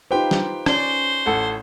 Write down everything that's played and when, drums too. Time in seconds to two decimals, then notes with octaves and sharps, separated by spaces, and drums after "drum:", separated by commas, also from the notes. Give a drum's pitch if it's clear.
0.11 D#4 F4 G4 B4 C5 G5
0.31 drum: snare
0.66 C#4 C5 D5, drum: rim click
1.26 A1 A4 F#5